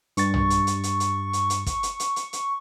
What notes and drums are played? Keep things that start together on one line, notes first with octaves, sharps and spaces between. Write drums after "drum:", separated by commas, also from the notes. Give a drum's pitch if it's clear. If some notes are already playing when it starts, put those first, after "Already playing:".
G2 C#6 A6, drum: hi-hat
drum: tom
drum: hi-hat
drum: hi-hat
drum: hi-hat
drum: hi-hat
drum: hi-hat
drum: hi-hat
drum: kick, hi-hat
drum: hi-hat
drum: hi-hat
drum: hi-hat
drum: hi-hat